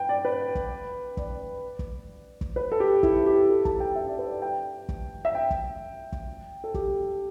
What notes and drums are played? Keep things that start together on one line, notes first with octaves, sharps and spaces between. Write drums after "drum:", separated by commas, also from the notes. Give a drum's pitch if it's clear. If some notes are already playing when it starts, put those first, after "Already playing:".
Already playing: B4 G5
D5
B4
drum: kick
D5, drum: kick
drum: kick
drum: kick
B4
A4
G4
E4, drum: kick
G4
A4
A5, drum: kick
G5
E5
D5
B4
D5
G5
drum: kick
E5
G5
drum: kick
drum: kick
A4
G4, drum: kick